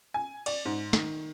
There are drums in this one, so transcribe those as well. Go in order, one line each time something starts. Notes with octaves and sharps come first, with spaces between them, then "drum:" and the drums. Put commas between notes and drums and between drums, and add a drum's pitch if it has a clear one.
G#5
D5, drum: cymbal
G#2
D#3, drum: snare